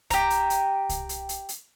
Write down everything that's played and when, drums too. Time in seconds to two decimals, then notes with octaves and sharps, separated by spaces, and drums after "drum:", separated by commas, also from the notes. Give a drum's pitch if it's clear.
0.10 G4 A#5, drum: kick C2, hi-hat
0.30 drum: hi-hat
0.50 drum: hi-hat
0.89 drum: kick C2, hi-hat
1.09 drum: hi-hat
1.29 drum: hi-hat
1.49 drum: hi-hat